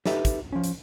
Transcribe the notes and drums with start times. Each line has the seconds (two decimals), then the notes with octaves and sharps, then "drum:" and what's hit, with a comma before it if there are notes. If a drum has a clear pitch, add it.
0.06 D#4 G4 A4 B4 E5, drum: snare
0.25 drum: kick, hi-hat
0.52 F3 C#4
0.64 drum: hi-hat